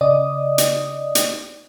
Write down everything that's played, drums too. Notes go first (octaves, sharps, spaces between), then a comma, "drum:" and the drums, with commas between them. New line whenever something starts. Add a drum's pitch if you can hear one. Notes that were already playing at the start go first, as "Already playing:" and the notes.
C#3 D5 D#5 D#6
drum: hi-hat
drum: hi-hat